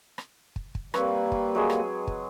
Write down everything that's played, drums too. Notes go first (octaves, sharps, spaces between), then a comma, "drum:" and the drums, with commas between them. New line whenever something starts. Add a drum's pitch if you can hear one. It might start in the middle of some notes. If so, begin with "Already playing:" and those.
drum: rim click
drum: kick
drum: kick
G3 A#3 C4 B4 C#5, drum: rim click
drum: kick
F#3 G#3 G#4
drum: rim click
drum: kick